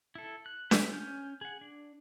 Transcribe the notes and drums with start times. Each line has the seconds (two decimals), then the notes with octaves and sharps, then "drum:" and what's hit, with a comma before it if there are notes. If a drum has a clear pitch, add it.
0.15 E4 A4
0.46 F#6
0.71 B3 C#4 B4 C5 E5, drum: snare D4
0.93 C#4 G#5 F6 G6
1.41 G#4 F#5
1.61 D4